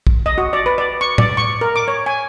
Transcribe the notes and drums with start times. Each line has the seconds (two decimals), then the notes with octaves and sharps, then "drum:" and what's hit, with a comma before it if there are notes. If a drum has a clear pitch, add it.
0.07 drum: kick
0.26 D#5
0.38 F#4
0.53 D5
0.66 B4
0.78 D5
1.01 C#6
1.18 D5, drum: tom A2
1.37 C#6
1.61 A#4
1.76 D6
1.88 C#5
2.06 G#5